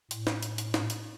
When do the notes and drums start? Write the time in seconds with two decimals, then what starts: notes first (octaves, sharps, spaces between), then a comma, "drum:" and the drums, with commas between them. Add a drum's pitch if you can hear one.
0.11 A2, drum: hi-hat
0.27 drum: snare
0.42 drum: hi-hat
0.58 drum: hi-hat
0.74 drum: snare
0.90 drum: hi-hat